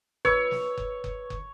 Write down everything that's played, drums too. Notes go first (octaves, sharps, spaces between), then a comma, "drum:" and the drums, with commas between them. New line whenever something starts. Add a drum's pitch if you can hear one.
B4 C#5 E6, drum: kick F#1
drum: snare
drum: kick F#1
drum: kick F#1
drum: kick F#1